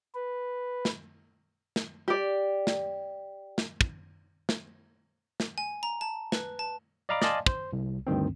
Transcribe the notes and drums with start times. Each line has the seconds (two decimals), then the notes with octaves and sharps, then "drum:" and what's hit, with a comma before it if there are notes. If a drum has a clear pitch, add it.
0.15 B4
0.85 drum: snare
1.76 drum: snare
2.08 G4 D5
2.67 drum: snare
3.58 drum: snare
3.81 drum: kick
4.49 drum: snare
5.40 drum: snare
5.58 G#5
5.83 A#5
6.01 A5
6.32 B4, drum: snare
6.59 A5
7.09 D5 D#5 F5 A#5 B5 D6
7.22 D5 D#5 F5 G#5 A5 C6, drum: snare
7.46 C5, drum: kick
7.73 C2
8.07 D2 G2 D#3 C4